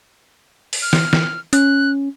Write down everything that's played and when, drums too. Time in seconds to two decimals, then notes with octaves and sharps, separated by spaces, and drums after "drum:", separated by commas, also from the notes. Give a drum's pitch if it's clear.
0.73 drum: open hi-hat
0.82 F6
0.93 drum: snare
1.13 drum: snare
1.53 C#4 F#6, drum: hi-hat